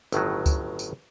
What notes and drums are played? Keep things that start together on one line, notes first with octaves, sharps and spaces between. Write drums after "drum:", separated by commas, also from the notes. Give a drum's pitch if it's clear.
G1 A2 D#3 F#3, drum: tambourine
drum: kick C#2, tambourine
drum: tambourine